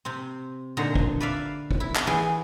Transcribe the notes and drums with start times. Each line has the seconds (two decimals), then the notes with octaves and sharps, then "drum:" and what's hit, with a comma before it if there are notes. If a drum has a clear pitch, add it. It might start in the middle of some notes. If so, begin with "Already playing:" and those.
0.05 C3 C4
0.77 A#2 D3 D#4 F#4 C5 A#5
0.95 drum: kick
1.20 B4 D5 E5 F5
1.71 drum: kick
1.80 E4
1.96 drum: clap
2.07 E3 B3 G#4 G5 G#5